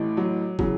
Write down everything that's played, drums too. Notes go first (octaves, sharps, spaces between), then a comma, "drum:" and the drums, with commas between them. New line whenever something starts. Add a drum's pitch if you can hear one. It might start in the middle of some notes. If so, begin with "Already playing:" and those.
Already playing: A1 A2 E3
F#3
C#3 E3 F#3, drum: kick